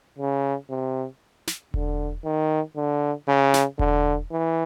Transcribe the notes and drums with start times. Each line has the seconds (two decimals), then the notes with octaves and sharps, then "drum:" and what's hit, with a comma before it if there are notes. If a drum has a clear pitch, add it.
0.19 C#3
0.70 C3
1.47 drum: snare
1.74 D3, drum: kick E1
2.25 D#3
2.76 D3
3.28 C#3
3.54 drum: snare
3.79 D3, drum: kick E1
4.31 E3